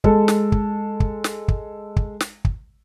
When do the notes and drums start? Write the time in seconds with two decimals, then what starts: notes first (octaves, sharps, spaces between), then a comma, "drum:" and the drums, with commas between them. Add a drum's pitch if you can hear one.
0.04 G#3 A4, drum: kick
0.28 drum: snare
0.52 drum: kick
1.00 drum: kick
1.24 drum: snare
1.48 drum: kick
1.96 drum: kick
2.20 drum: snare
2.45 drum: kick